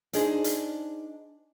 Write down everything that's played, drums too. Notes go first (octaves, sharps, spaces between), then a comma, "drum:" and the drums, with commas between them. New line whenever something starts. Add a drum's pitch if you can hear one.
D4 D#4 G#4 C5, drum: hi-hat
drum: hi-hat